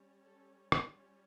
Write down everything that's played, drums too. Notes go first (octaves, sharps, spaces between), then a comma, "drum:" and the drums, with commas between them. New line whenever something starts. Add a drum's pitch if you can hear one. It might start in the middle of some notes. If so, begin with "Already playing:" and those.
Already playing: G3 C#4
A4
F4, drum: rim click